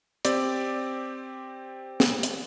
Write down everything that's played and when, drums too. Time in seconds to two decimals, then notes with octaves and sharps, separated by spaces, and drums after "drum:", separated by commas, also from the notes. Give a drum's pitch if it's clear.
0.25 C4 G4 D5, drum: hi-hat
2.00 drum: snare
2.23 drum: hi-hat